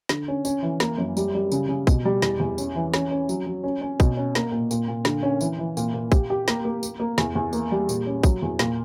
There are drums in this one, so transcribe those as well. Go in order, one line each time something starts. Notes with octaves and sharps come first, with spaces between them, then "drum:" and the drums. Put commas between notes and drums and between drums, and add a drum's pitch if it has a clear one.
D3, drum: snare
C#4
C#4, drum: tambourine
E3
A#3, drum: snare
F#2
G3, drum: tambourine
G3
C#3, drum: tambourine
C#3
B2, drum: kick, tambourine
G3
E2, drum: snare
E2
C#4, drum: tambourine
E3
C#4, drum: snare
C#4
F#3, drum: tambourine
F#3
C#4
C#4
B2, drum: kick, tambourine
C#4
A#3, drum: snare
A#2
A#2, drum: tambourine
A#2
D3, drum: snare
C#4
E3, drum: tambourine
E3
A#2, drum: tambourine
A#2
G4, drum: kick, tambourine
G4
A#3, drum: snare
A#3
A#3, drum: tambourine
A#3
E2, drum: snare
E2
A#3, drum: tambourine
G3
A#2, drum: tambourine
C#4
F#3, drum: kick, tambourine
E2
A#2, drum: snare